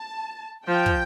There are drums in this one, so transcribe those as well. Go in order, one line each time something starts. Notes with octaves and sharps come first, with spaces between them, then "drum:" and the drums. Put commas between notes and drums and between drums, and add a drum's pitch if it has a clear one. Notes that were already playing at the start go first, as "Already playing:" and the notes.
Already playing: A5
F3 G5
drum: kick